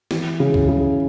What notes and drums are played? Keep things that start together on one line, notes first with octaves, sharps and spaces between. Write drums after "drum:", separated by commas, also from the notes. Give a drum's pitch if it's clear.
E3, drum: snare
C#3
drum: kick C#2
C#3